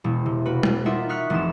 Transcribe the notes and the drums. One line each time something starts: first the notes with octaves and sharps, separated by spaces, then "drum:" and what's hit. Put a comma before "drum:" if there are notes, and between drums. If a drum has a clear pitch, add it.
E1
C3
A#3 F#4 B4
drum: tom
D#4 F4 A#4 D5 E5 F#5
C#6 D#6 F6 F#6 B6 C#7
F1 C3 E3 D#4 F4 E7